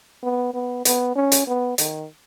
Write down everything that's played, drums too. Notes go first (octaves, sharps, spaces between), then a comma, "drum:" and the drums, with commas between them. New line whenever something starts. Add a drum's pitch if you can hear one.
B3
B3
B3, drum: hi-hat
C#4
drum: hi-hat
B3
D#3, drum: hi-hat